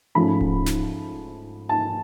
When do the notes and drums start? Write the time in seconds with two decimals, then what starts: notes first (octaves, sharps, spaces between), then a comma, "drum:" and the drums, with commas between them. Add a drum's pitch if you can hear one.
0.15 G#2 F3 A3 C#4 F4 B5
0.41 drum: kick D1
0.66 drum: snare
1.69 A5